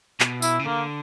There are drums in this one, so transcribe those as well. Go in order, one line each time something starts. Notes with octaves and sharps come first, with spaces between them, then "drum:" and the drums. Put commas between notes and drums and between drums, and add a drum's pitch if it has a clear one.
B2, drum: clap
E4, drum: tambourine
C#3
D3 A#3